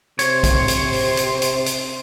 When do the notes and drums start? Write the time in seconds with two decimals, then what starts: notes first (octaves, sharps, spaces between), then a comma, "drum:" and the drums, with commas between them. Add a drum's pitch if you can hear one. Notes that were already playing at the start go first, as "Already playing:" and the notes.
0.19 C3 C5 C#5 C6, drum: hi-hat
0.43 drum: kick, hi-hat
0.68 drum: hi-hat
0.93 drum: open hi-hat
1.17 drum: hi-hat
1.42 drum: hi-hat
1.66 drum: hi-hat